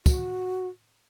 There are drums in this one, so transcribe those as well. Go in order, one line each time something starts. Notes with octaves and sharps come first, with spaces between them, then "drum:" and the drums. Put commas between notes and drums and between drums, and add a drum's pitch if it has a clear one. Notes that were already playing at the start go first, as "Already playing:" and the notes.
F#4, drum: kick, tambourine